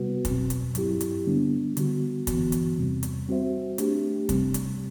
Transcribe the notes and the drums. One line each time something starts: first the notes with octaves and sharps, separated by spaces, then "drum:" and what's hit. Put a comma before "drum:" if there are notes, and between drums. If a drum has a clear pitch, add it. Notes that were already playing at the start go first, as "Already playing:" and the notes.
Already playing: C3 G3 B3 F#4 B4
E2 B2 F#3 C4, drum: kick, hi-hat
drum: hi-hat
G2 F#3 C4 E4 G4, drum: hi-hat
drum: hi-hat
D3 G3 B3 D4
D3 G3 B3 F#4, drum: hi-hat
G2 E3 B3 F#4, drum: kick, hi-hat
drum: hi-hat
E2 C3 G3 C4
drum: hi-hat
G3 C4 F#4 C5 E5
A3 D4 G4, drum: hi-hat
C3 G3 C4, drum: kick, hi-hat
drum: hi-hat